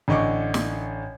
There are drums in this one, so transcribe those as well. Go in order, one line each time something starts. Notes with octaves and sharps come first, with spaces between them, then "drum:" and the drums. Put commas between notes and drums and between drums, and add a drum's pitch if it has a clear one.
A1 D3 D#5 C#6 D6
drum: snare